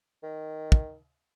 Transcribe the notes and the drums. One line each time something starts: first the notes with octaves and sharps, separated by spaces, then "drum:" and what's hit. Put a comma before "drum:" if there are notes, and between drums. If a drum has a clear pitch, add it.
D#3
drum: kick